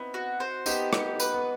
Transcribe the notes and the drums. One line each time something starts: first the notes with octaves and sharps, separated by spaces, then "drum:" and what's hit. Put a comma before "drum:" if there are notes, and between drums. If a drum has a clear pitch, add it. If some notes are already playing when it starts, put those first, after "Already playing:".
Already playing: B3 C4 D#4 E4
F#4
C5
B3 D#4 G4, drum: tambourine
G4, drum: rim click
B4, drum: tambourine
B3